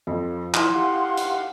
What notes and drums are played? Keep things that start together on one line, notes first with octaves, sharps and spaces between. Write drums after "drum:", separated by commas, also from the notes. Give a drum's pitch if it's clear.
F2 F3
E4 C6, drum: clap
G4 F5 F#5
drum: hi-hat